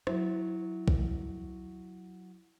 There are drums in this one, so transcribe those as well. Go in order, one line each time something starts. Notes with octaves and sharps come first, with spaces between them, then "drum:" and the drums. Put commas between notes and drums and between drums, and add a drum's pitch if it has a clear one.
F#3 E4, drum: rim click
drum: kick B1